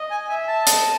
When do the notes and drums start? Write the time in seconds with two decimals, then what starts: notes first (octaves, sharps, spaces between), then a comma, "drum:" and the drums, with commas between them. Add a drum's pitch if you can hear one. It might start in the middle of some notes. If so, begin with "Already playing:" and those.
Already playing: D#5
0.10 G#5
0.29 E5 G#5
0.48 A5
0.67 D#5, drum: hi-hat